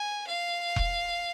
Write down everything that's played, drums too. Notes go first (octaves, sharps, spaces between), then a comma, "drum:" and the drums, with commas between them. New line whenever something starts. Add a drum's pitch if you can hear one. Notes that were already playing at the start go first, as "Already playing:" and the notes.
Already playing: G#5
F5
drum: kick E1